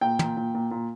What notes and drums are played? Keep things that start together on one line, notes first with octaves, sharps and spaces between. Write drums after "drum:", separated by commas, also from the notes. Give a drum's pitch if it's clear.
A#2 G5
A#2, drum: tom
A#2
A#2
A#2